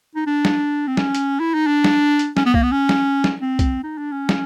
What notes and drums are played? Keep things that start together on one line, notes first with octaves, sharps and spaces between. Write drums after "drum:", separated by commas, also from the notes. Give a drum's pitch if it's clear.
D#4
D4
drum: snare
C4
C#4, drum: snare
drum: hi-hat
E4
D#4
D4
drum: snare
drum: hi-hat
C#4, drum: snare
B3
A#3, drum: kick
B3
C#4
drum: snare
drum: snare
C4
drum: kick, hi-hat
D#4
D4
C#4
drum: snare